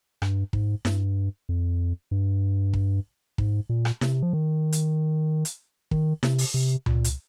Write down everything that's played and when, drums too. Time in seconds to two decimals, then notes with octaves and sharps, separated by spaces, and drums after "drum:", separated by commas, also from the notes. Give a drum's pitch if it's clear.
0.22 G2, drum: rim click
0.53 G#2, drum: kick
0.85 G2, drum: snare E4
1.49 F2
2.11 G2
2.73 drum: kick
3.38 G#2, drum: kick
3.69 A#2
3.85 drum: rim click
4.01 C3, drum: snare E4
4.23 F3
4.33 D#3
4.72 drum: hi-hat
5.45 drum: hi-hat
5.91 D#3, drum: kick
6.23 C3, drum: snare E4
6.38 drum: open hi-hat
6.54 C3
6.86 A#2, drum: tom C#2
7.04 drum: hi-hat